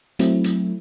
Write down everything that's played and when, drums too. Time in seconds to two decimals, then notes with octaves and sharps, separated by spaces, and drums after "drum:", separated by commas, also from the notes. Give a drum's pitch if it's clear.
0.19 F#3 A3 C4 E4, drum: hi-hat
0.44 drum: hi-hat